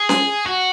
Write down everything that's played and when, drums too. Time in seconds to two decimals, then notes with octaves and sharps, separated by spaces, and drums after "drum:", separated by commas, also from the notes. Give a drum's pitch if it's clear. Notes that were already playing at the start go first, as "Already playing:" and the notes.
Already playing: G#4
0.09 drum: snare C#4
0.46 F#4